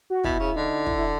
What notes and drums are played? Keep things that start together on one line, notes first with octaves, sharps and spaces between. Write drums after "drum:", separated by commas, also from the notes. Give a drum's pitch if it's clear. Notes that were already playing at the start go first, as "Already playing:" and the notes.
F#4
B2 E4, drum: kick
C#3
D3 D#4
E4, drum: kick
E4